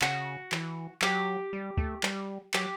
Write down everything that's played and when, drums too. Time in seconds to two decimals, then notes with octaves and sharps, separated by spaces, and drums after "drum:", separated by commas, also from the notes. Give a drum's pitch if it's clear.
0.02 C#3 F#4, drum: clap
0.52 E3, drum: clap
1.02 F#3 G4, drum: clap
1.53 G3
1.77 A3, drum: kick
2.03 G3, drum: clap
2.54 F#3 G4, drum: clap